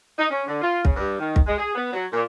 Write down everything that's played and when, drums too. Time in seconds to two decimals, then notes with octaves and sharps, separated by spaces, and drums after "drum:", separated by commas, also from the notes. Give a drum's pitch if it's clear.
0.17 D#4
0.30 C#4
0.46 D3
0.62 F4
0.85 C#3, drum: kick
0.96 G2
1.19 D#3
1.36 drum: kick
1.46 G#3
1.58 G#4
1.75 B3
1.93 F#3
2.13 A#2